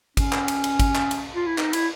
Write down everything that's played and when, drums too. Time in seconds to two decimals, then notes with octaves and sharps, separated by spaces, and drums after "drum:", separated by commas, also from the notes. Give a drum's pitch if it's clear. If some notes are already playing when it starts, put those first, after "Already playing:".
0.17 C#4, drum: kick G#1, cymbal
0.32 drum: clap
0.48 drum: cymbal
0.64 drum: cymbal
0.80 drum: kick G#1, cymbal
0.95 drum: clap
1.11 drum: cymbal
1.35 F4
1.46 E4
1.58 D#4, drum: clap
1.73 E4, drum: cymbal